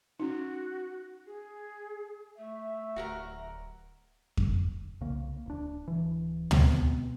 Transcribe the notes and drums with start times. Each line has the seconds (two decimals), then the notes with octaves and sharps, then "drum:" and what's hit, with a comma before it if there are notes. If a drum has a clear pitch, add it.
0.20 C#4 D#4 F#4
1.26 G#4
2.38 A3 E5
2.96 D1 F#4 A#4 A#5
4.37 drum: kick F2
5.01 C2 C#3 A#3
5.46 D1 D4
5.87 D1 E3
6.51 B2 G#3 B3 C4, drum: tom